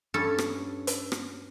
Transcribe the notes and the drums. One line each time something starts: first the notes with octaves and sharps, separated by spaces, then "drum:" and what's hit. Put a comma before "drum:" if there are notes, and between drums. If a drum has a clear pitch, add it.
G2 C#4 A4 C#5
drum: rim click
drum: hi-hat
drum: rim click